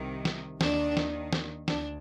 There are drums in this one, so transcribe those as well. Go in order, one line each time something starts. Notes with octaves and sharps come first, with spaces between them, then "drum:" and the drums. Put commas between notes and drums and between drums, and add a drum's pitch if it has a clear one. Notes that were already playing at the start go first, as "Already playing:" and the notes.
Already playing: C2 C3 D#3
drum: snare
D#2 D#3 D4, drum: snare
drum: snare
drum: snare
D2 D4, drum: snare